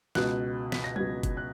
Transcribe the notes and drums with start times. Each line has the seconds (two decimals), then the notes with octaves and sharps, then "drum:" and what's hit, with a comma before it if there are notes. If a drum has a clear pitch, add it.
0.15 C#2 B2 F#6, drum: snare
0.72 B6, drum: snare
0.84 A#6
0.96 C#2 B2 G#6, drum: tom F#3
1.23 drum: kick F#1, hi-hat
1.37 F#6